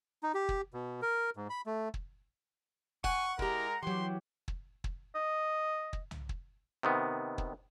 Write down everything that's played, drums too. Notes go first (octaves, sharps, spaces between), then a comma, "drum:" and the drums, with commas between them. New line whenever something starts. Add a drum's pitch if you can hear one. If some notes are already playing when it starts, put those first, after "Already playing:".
D#4
G4
drum: kick
B2
A#4
G#2
B5
A3
drum: kick
F#5 G#5 C#6, drum: kick
G#3 E4 G4 A#4 A#5, drum: kick
E3 F#3 G4 C6
drum: kick
drum: kick
D#5
drum: kick
drum: tom C2
drum: kick
C3 D#3 B3
drum: kick